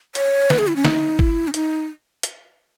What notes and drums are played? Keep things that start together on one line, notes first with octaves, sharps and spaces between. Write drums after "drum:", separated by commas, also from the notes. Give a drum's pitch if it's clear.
C#5, drum: hi-hat
B4, drum: snare
G#4
E4
C#4
D#4, drum: snare
E4, drum: kick
C#4
D#4, drum: hi-hat
drum: hi-hat